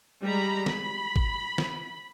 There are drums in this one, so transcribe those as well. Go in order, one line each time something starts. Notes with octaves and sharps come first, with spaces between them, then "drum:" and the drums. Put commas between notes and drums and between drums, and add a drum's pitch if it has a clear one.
G3 G#3 A#5 B5
B5, drum: snare
drum: kick G#1
drum: snare